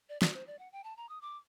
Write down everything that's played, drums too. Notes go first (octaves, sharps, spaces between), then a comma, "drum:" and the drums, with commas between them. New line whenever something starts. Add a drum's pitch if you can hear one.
D5
D5, drum: snare
C5
D5
F#5
G5
A5
A#5
D#6
D6